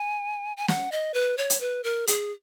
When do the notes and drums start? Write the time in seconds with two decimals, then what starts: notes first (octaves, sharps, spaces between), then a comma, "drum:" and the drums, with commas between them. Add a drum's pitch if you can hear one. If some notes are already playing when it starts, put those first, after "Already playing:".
Already playing: G#5
0.57 G#5
0.68 F#5, drum: snare
0.92 D#5
1.14 B4
1.38 C#5
1.50 drum: hi-hat
1.60 B4
1.84 A#4
2.07 G#4, drum: hi-hat